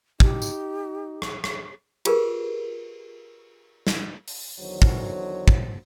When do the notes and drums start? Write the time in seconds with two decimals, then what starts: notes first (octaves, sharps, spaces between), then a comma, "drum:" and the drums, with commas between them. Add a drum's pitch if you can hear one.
0.20 D#4 G4, drum: kick
0.42 drum: tambourine
1.22 drum: rim click
1.44 drum: rim click
2.05 F4 G4 G#4 A#4 B4, drum: cymbal
3.87 drum: snare
4.28 drum: open hi-hat
4.60 E2 D3 D#3 F#3 C5 C#5
4.82 drum: kick
5.48 drum: kick